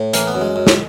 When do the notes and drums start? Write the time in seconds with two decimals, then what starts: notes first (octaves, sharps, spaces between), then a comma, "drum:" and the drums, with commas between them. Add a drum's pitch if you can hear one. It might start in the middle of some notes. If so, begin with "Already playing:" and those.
Already playing: A2
0.13 E3 A#3, drum: hi-hat
0.27 B3
0.34 F#2
0.41 G#3
0.56 F#2
0.67 drum: snare